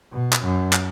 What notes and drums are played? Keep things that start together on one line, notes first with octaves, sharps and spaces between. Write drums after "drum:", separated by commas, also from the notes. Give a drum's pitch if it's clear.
B2
drum: clap
F#2
drum: clap